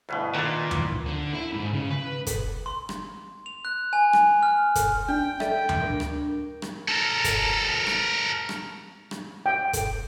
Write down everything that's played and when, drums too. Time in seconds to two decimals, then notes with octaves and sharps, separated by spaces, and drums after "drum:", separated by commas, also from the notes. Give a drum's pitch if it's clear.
0.09 D2 G2 B2 E4 B4 F5
0.35 A#2 D#3 D4 E5
0.71 drum: tom D2
1.06 D3
1.34 E4
1.53 G#2
1.73 C#3
1.91 B4
2.27 drum: kick, hi-hat
2.66 C6
2.89 drum: rim click
3.46 F7
3.65 F#6
3.93 G#5
4.13 drum: rim click
4.43 F6
4.75 drum: kick, hi-hat
5.09 D4 G5
5.40 A4 D5 E5, drum: rim click
5.69 drum: tom D2
5.82 D4 A#4
6.00 drum: rim click
6.62 drum: rim click
6.88 A4 A#4
7.24 drum: kick, hi-hat
7.87 drum: rim click
8.49 drum: rim click
9.11 drum: rim click
9.46 G5
9.73 drum: kick, hi-hat